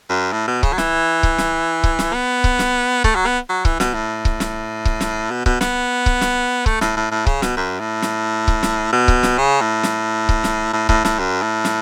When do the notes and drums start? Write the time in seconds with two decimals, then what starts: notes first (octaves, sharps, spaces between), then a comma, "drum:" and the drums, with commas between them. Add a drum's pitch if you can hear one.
0.10 F#2
0.32 A2
0.48 B2
0.63 C#3, drum: kick C#1
0.73 F#3
0.78 E3, drum: snare
1.23 drum: kick C#1
1.38 drum: snare
1.84 drum: kick C#1
1.99 drum: snare
2.14 B3
2.44 drum: kick C#1
2.59 drum: snare
3.04 A3, drum: kick C#1
3.16 F#3
3.27 B3
3.50 F#3
3.65 E3, drum: kick C#1
3.80 B2, drum: snare
3.94 A2
4.25 drum: kick C#1
4.40 drum: snare
4.85 drum: kick C#1
5.01 drum: snare
5.31 B2
5.46 B2, drum: kick C#1
5.61 B3, drum: snare
6.06 drum: kick C#1
6.21 drum: snare
6.66 A3, drum: kick C#1
6.81 A2, drum: snare
6.97 A2
7.12 A2
7.27 C#3, drum: kick C#1
7.42 B2, drum: snare
7.57 F#2
7.80 A2
8.02 drum: snare
8.48 drum: kick C#1
8.63 drum: snare
8.93 B2
9.08 drum: kick C#1
9.23 drum: snare
9.38 C#3
9.61 A2
9.83 drum: snare
10.29 drum: kick C#1
10.44 drum: snare
10.74 A2
10.89 A2, drum: kick C#1
11.05 A2, drum: snare
11.19 F#2
11.42 A2
11.65 drum: snare